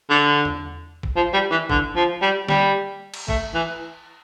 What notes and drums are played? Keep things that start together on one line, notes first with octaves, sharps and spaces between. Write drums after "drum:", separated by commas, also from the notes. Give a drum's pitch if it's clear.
D3
drum: tom E2
drum: kick
F3
G3
E3
D3, drum: kick
F3
G3
G3, drum: snare
drum: cymbal
A3, drum: kick
E3